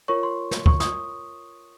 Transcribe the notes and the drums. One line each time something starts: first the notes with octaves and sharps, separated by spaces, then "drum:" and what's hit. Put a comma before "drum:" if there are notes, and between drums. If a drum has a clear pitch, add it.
F4 A#4 C#5 C#6
C6
drum: snare
C#6, drum: kick
D#6, drum: snare